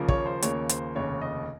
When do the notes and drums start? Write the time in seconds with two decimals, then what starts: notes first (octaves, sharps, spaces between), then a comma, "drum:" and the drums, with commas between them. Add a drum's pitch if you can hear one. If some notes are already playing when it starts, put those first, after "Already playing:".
Already playing: D#2 C#3 F3 A#3
0.08 C#5, drum: kick
0.26 C5
0.42 D#2 C#3 F3 A#3 C#5, drum: hi-hat
0.69 C5, drum: hi-hat
0.95 F1 D#2 C#3 C#5
1.22 D#5